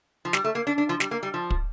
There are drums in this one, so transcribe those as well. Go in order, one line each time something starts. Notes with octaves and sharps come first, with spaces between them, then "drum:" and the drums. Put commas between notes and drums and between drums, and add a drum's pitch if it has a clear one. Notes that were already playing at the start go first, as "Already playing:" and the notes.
F3
G3, drum: snare
A3
A#3
D4
D4
F3
G3, drum: snare
A#3
G3
F3
drum: kick